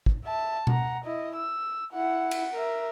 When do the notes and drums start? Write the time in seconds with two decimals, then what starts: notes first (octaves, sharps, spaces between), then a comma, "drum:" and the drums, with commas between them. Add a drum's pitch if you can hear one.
0.06 drum: kick
0.24 E5 A5
0.67 F#5 A#5, drum: tom B2
1.05 E4 D#5
1.36 E6
1.93 E4 F#5
2.31 drum: cymbal
2.54 A#4 E5